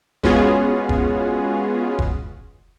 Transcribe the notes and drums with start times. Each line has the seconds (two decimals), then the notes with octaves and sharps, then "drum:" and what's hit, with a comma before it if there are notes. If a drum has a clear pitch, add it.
0.23 G#3 B3 C#4 F4 F#4 G#4, drum: kick F1
0.89 drum: kick F1
1.99 drum: kick F1